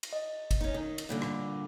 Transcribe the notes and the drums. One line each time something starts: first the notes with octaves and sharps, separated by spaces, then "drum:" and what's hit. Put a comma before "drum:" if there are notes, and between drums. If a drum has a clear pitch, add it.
drum: cymbal
D#5
drum: kick, cymbal
C#4 D#4
D#3
drum: cymbal
G2 A#2 D3
drum: rim click